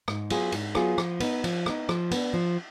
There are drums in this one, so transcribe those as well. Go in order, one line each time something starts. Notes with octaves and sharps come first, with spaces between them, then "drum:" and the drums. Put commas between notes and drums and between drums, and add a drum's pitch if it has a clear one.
G#2, drum: rim click
F#3 B3 F4 G#4, drum: cymbal
G#2, drum: cymbal
F#3 B3 F4 G#4, drum: rim click
F3, drum: rim click
B3 D#4, drum: cymbal
F3, drum: cymbal
B3 D#4, drum: rim click
F3, drum: rim click
B3 D4, drum: cymbal
F3